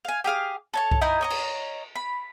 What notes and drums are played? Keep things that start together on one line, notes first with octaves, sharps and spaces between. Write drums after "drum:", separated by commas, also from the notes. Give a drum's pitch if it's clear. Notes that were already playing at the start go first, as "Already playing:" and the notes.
F5 G#5
G4 G#4 F5 F6
A4 C#5 A5
drum: kick C2
D#4 E4 G#5 A#5
C#5 D#5 A#5
drum: cymbal
B5